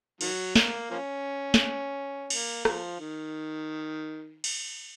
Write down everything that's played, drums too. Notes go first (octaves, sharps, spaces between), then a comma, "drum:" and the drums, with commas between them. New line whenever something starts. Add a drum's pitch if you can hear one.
D#3 F#3, drum: cymbal
A#3, drum: snare
F3 A#3 C#4
drum: snare
A#3, drum: cymbal
F3, drum: rim click
D#3
drum: cymbal